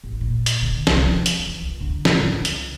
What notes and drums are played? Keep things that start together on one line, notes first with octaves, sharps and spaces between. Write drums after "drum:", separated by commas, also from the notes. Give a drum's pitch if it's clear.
A1
A#2
drum: hi-hat
D3
C2, drum: snare
F3
drum: hi-hat
E3
C#2
D3
drum: snare
A2
C#2
drum: hi-hat